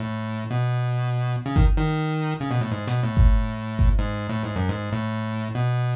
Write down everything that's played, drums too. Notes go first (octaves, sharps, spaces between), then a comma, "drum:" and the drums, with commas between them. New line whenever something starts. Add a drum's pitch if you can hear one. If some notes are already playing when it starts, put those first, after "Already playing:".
Already playing: A2
B2
C#3
D#3, drum: kick G1
D#3
C#3
B2
A2
G#2
B2, drum: hi-hat
A2
drum: kick G1
drum: kick G1
G#2
A2
G#2
F#2
G#2
A2
B2